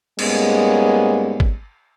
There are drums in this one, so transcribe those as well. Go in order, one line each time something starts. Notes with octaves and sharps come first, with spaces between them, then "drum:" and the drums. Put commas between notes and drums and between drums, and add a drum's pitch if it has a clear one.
G#2 G3 G#3 A#3 B3 C#4, drum: cymbal
drum: kick